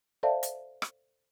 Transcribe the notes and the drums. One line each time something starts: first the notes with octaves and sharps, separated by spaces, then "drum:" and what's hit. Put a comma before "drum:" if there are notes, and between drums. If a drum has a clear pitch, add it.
A4 C5 D5 E5 F5 A5
drum: hi-hat
drum: rim click